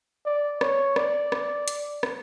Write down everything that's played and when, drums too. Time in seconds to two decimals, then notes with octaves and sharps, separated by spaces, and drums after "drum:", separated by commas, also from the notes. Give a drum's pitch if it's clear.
0.25 D5
0.61 C#5, drum: rim click
0.96 D5, drum: rim click
1.32 drum: rim click
1.68 drum: hi-hat
2.03 drum: rim click